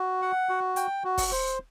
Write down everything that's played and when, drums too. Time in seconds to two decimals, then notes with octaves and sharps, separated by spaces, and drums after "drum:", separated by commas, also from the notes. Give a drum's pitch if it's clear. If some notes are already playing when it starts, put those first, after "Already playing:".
Already playing: F#4
0.22 F#5
0.49 F#4
0.76 G5, drum: hi-hat
1.04 F#4
1.18 drum: kick, open hi-hat
1.31 C5